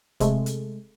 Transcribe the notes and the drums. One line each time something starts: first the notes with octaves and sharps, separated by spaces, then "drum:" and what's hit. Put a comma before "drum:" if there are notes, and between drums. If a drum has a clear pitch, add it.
C3 G#3 A3, drum: kick, hi-hat
drum: hi-hat